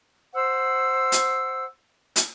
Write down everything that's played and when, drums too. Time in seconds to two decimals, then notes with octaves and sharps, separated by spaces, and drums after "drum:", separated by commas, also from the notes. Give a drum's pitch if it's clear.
0.34 C5 F#5 E6
1.12 drum: hi-hat
2.16 drum: hi-hat